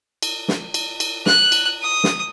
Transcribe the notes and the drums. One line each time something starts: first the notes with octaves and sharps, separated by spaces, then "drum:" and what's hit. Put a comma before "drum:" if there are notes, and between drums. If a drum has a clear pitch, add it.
drum: cymbal
drum: snare
drum: cymbal
drum: cymbal
F#6, drum: snare
drum: cymbal
D#6
drum: snare